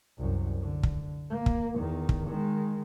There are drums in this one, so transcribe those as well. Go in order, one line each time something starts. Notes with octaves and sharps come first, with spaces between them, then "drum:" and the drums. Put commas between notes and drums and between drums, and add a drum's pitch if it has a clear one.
C2 F#2
D3
drum: kick
A#3
drum: kick
E2 D#3
drum: kick
D#3 G#3